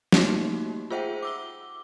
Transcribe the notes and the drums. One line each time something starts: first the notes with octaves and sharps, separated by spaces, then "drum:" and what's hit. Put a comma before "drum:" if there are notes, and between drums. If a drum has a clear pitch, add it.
G3 A3 A#3 D#4 F#4 G4, drum: snare
F4 G#4 C5 E5 F#5 G5
D6 E6 G7